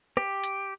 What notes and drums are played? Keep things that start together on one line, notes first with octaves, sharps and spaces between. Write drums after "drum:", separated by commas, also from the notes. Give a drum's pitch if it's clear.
G4, drum: rim click
drum: hi-hat